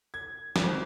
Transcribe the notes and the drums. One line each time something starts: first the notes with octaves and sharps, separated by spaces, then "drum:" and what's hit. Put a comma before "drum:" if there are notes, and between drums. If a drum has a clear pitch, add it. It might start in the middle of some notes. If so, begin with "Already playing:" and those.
G#6
G#1, drum: snare